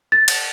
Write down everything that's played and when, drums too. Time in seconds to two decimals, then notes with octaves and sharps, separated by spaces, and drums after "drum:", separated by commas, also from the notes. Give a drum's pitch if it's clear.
0.12 A6
0.28 drum: cymbal